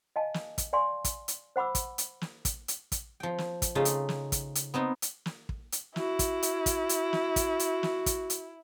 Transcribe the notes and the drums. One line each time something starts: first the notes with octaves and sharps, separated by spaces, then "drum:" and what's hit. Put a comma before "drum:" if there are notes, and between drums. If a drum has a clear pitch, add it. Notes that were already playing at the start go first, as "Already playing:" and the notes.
D#5 F5 G#5 A5
drum: snare
drum: kick, hi-hat
D5 F5 G#5 C6 C#6
drum: kick, hi-hat
drum: hi-hat
C5 F#5 B5 D6 E6
drum: kick, hi-hat
drum: hi-hat
drum: snare
drum: kick, hi-hat
drum: hi-hat
drum: kick, hi-hat
F3 G5
drum: snare
drum: kick, hi-hat
C#3 A3 D#4 F4
drum: hi-hat
drum: snare
drum: kick, hi-hat
drum: hi-hat
B3 C4 D#4
drum: hi-hat
drum: snare
drum: kick
drum: hi-hat
E4 F#4, drum: snare
drum: kick, hi-hat
drum: hi-hat
drum: kick, hi-hat
drum: hi-hat
drum: snare
drum: kick, hi-hat
drum: hi-hat
drum: snare
drum: kick, hi-hat
drum: hi-hat